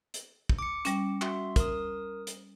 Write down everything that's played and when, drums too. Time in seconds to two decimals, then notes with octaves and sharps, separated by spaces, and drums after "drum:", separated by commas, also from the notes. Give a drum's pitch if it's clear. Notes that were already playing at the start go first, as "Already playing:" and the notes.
0.14 drum: hi-hat
0.49 drum: kick
0.59 D6 C#7
0.85 G3 C#4, drum: hi-hat
1.22 F#4 E5 C6, drum: clap
1.56 A#4 D#6, drum: kick, hi-hat
2.27 drum: hi-hat